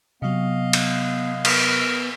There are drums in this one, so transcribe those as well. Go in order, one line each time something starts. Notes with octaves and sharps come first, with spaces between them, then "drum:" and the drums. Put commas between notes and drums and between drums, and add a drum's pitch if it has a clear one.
C3 F#3 B3 D#5 F5
drum: cymbal
B3 A#4 B4, drum: cymbal